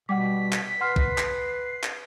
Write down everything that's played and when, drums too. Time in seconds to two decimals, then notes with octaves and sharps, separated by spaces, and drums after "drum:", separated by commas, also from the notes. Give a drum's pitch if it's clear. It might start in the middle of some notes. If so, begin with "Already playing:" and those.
0.09 B2 G3 F#5 G5 D6 B6
0.53 drum: clap
0.81 B4 F#5 C6 F6 C7
0.96 drum: kick
1.18 drum: clap
1.84 drum: clap